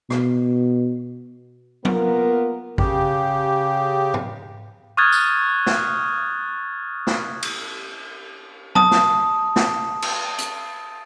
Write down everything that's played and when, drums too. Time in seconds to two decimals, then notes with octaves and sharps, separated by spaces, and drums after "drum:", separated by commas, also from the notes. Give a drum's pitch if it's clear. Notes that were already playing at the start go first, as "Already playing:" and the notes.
0.10 B2, drum: rim click
1.85 A#3 B3 F4 A#4, drum: tom F#3
2.78 C#3 G4, drum: kick A1
4.14 drum: tom G#2
4.97 C#6 D#6 F6 F#6 G#6 A6
5.12 drum: tambourine
5.67 drum: snare
7.07 drum: snare
7.42 drum: cymbal
8.75 A5 D#6, drum: tom F#3
8.91 drum: snare
9.56 drum: snare
10.02 drum: cymbal
10.38 drum: hi-hat